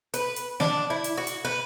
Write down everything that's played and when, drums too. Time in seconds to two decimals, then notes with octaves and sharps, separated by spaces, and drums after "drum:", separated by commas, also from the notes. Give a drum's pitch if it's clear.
0.14 B4, drum: hi-hat
0.36 drum: hi-hat
0.60 D4, drum: snare
0.90 E4
1.04 drum: hi-hat
1.17 F#4
1.27 drum: hi-hat
1.45 B4